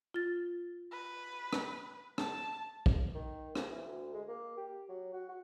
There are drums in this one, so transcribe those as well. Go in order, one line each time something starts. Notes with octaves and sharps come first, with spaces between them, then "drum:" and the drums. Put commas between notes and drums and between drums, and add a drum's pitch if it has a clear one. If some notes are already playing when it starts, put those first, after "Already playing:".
F4 A6
B4
drum: rim click
A5, drum: rim click
drum: kick
D#3
F3, drum: rim click
E3
D2
G#3
A#3
G4
F#3
F#4
F#4